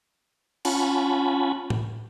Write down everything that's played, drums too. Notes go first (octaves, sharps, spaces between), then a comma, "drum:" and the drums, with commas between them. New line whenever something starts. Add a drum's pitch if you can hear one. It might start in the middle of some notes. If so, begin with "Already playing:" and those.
C#4 F4 F#5 G#5 A5 B5, drum: cymbal
drum: tom A2